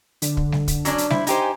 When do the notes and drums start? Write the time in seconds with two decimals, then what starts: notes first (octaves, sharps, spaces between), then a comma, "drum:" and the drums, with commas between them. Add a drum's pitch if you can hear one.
0.22 D3, drum: hi-hat
0.37 drum: kick
0.52 drum: snare G3
0.68 drum: kick, hi-hat
0.85 F#3 C#4 D4, drum: hi-hat
0.98 drum: hi-hat
1.10 E4 C5, drum: snare G3
1.27 D#4 G4 C5 G#5, drum: hi-hat